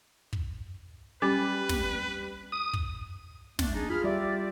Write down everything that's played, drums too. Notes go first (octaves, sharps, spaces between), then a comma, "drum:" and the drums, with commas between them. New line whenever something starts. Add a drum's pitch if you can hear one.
drum: kick
G3 C#4 B4 D6
drum: snare
D#6
drum: kick
A3 D4, drum: snare
D4 D#4 G#4
F4 G#4 B5 F6
G3 G4 D5 E5